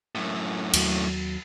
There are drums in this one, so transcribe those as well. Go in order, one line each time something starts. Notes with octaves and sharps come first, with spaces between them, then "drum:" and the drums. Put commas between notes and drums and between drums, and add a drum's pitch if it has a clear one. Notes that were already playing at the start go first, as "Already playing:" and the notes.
F#2 A2
D#2 F#3, drum: cymbal